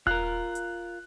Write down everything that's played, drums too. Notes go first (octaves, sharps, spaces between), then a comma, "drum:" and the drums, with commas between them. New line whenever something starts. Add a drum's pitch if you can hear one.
F4 A#4 F#6, drum: kick D#1
drum: hi-hat